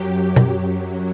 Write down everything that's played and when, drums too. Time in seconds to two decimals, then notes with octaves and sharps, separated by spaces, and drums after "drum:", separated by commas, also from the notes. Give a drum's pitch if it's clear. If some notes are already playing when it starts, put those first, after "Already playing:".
Already playing: F#2 F#3 G4
0.36 drum: tom